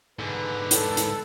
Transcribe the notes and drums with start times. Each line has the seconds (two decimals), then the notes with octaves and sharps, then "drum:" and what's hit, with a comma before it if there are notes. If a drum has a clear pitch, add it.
0.19 G#2 D3 B4
0.71 A4, drum: hi-hat
0.97 drum: hi-hat